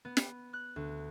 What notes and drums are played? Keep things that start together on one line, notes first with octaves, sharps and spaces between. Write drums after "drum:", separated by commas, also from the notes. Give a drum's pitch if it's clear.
B3
drum: snare
F#6
D2